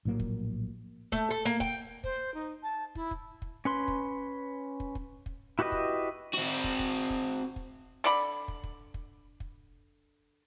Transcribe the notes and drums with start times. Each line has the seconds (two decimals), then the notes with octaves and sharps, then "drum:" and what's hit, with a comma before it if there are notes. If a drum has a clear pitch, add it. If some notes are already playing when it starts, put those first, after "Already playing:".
0.05 A#1 A2 F#3 A#3
0.20 drum: kick
1.12 A3, drum: kick
1.31 A4
1.45 A#3
1.60 G5, drum: kick
2.04 C5, drum: kick
2.34 D#4
2.63 A5
2.95 E4, drum: kick
3.11 drum: kick
3.42 drum: kick
3.65 C#4 B4 C6
3.88 drum: kick
4.80 drum: kick
4.95 drum: kick
5.26 drum: kick
5.59 E4 F#4 G4 B4 D#5
5.72 drum: kick
6.34 C4 F#4
6.64 drum: kick
6.79 drum: kick
7.10 drum: kick
7.56 drum: kick
8.04 D3 D5 B5
8.48 drum: kick
8.64 drum: kick
8.94 drum: kick
9.40 drum: kick